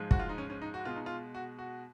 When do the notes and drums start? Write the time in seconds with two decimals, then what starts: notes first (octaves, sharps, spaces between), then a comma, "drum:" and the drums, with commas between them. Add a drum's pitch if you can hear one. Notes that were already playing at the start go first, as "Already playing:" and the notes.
Already playing: G#2 F3 G#3
0.11 F#4, drum: kick
0.19 F4
0.29 D#4
0.38 C#4
0.50 C#4
0.62 D#4
0.74 F#4
0.85 B2 G#3 F4
0.96 D#4
1.06 F4
1.35 F#4
1.59 F#4